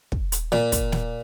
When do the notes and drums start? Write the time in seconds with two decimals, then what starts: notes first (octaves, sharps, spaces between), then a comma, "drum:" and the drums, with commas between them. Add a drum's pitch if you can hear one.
0.12 drum: kick
0.32 drum: hi-hat
0.52 A#2, drum: snare
0.72 drum: kick, hi-hat
0.92 drum: snare